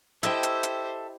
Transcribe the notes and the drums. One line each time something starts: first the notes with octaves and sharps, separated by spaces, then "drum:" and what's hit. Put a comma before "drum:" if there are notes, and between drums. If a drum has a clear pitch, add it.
E4 G4 A4 C5 D#5 E5 G5, drum: hi-hat
drum: hi-hat
drum: hi-hat